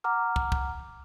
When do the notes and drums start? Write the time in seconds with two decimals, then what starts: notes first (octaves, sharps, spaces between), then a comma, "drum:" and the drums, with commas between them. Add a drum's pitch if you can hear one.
0.04 F#5 A#5 D6 F6
0.36 drum: kick
0.52 drum: kick